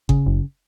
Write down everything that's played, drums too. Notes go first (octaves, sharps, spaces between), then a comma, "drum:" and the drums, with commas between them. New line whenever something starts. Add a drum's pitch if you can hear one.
C#3, drum: kick G1
F#1